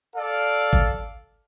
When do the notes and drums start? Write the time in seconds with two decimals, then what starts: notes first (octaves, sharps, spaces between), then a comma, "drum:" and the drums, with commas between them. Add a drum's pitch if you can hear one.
0.16 A4 D5 F5
0.73 drum: kick